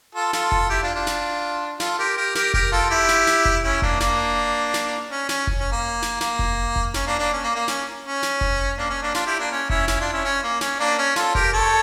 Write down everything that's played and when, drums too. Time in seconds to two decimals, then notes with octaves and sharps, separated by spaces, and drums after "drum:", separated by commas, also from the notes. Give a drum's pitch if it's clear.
0.15 F4 A4
0.33 F4 A4, drum: snare
0.52 drum: kick F1
0.70 E4 G4
0.82 D4 F4
0.94 D4 F4
1.07 drum: snare
1.80 F4 A4, drum: snare
1.99 G4 A#4
2.17 G4 A#4
2.35 G4 A#4, drum: snare
2.54 G4 A#4, drum: kick F1
2.72 F4 A4
2.90 E4 G4
3.09 drum: snare
3.27 drum: snare
3.45 drum: kick F1
3.64 C#4 E4
3.82 A#3 D4, drum: kick F1
4.00 A#3 D4, drum: snare
4.74 drum: snare
5.10 C#4
5.29 C#4, drum: snare
5.47 drum: kick F1
5.60 C#4
5.72 A#3
6.02 drum: snare
6.21 A#3, drum: snare
6.39 drum: kick F1
6.76 drum: kick F1
6.94 C#4, drum: snare
7.06 A#3 D4
7.18 A#3 D4
7.33 C#4
7.44 A#3
7.55 A#3
7.68 C#4, drum: snare
8.04 C#4
8.23 drum: snare
8.41 drum: kick F1
8.78 A#3 D4
8.90 C#4
9.02 A#3 D4
9.14 D4 F4, drum: snare
9.26 E4 G4
9.39 A#3 D4
9.51 C#4
9.70 C#4 E4, drum: kick F1
9.88 C#4 E4, drum: snare
10.00 D4 F4
10.12 C#4 E4
10.25 C#4
10.43 A#3
10.61 C#4, drum: snare
10.80 A#3 D4
10.98 C#4
11.16 F4 A4, drum: snare
11.35 G4 A#4, drum: kick F1
11.53 A4 C#5